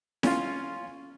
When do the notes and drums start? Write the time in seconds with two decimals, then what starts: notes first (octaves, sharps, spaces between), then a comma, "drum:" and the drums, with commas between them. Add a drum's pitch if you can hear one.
0.23 C#4 F4, drum: snare E4